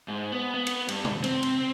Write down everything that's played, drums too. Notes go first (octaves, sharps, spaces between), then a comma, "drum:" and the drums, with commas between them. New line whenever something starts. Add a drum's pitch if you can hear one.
G#2
B3
B3
drum: cymbal
G2, drum: cymbal
drum: tom
C4, drum: cymbal
drum: cymbal